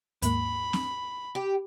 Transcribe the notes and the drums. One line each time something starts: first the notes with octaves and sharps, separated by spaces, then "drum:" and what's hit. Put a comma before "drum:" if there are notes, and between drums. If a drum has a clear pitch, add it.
D#2 G#2 A#3 B5, drum: hi-hat
drum: snare C4
G4